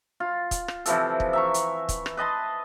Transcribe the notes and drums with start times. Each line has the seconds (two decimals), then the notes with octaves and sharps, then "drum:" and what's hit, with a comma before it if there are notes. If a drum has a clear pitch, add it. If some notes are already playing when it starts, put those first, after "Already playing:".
0.20 F4
0.51 drum: kick, hi-hat
0.68 drum: rim click
0.86 C3 E3 F3 A4, drum: hi-hat
1.20 drum: kick
1.33 E5 A#5 C#6
1.54 drum: hi-hat
1.89 drum: kick, hi-hat
2.06 drum: rim click
2.17 B4 D#5 A5 C6